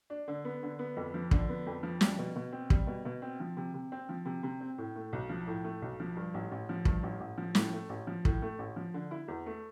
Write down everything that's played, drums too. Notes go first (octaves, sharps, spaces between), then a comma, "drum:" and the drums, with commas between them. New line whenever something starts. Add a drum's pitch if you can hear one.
D4
D3
B3
D3
B3
F2
F3
D3, drum: kick
B3
F2
F3
G3, drum: snare
B2
B2
C4
G3, drum: kick
B2
B2
C4
F3
C3
C3
C4
F3
C3
C3
C4
A2
A3
B1
F3
A2
A3
B1
F3
G2
A1
A1
F3
G2, drum: kick
A1
A1
F3
A2, drum: snare
A3
A1
F3
A2, drum: kick
A3
A1
F3
D3
E4
E2
A3